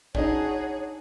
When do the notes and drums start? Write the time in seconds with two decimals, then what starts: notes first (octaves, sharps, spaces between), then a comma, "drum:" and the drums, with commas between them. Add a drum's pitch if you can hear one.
0.15 D4 D#4 F#4 G#4 C#5, drum: kick